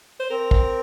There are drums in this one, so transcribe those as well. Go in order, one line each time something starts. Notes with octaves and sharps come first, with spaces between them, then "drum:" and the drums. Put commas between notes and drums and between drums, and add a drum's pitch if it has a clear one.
C5
C4 A#4
drum: kick